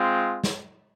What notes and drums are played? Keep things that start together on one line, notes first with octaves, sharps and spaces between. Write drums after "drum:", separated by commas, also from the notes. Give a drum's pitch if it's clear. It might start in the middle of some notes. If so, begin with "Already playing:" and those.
Already playing: G#3 C4 F4
drum: snare